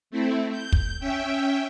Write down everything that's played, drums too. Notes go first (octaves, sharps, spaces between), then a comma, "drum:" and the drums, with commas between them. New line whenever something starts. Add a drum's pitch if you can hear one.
A3 C4 E4
G6
drum: kick
C#4 E5 G5